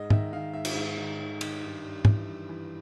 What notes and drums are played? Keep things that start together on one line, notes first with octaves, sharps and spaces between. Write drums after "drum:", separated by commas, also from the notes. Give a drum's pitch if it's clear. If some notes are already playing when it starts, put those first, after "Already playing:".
Already playing: G#2 D#5
D#3 E5, drum: tom G#2
D#3 F5
G#2 E5
drum: cymbal
G#2 E5
D#3
D#3
D#3, drum: cymbal
G2
G2
E3, drum: tom G#2
G2
E3